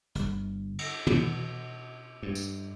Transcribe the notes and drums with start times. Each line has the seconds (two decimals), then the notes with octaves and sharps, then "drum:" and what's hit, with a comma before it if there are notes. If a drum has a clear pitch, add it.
0.15 G1, drum: hi-hat
0.79 drum: cymbal
1.07 B2, drum: tom
2.23 G2
2.35 drum: tambourine